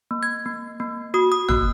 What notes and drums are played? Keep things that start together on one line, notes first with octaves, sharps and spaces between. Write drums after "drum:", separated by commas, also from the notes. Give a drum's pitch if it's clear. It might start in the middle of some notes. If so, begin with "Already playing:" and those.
A#3
G#6
A#3
A#3
F#4 D#6
D#6
A#3 F#6, drum: tom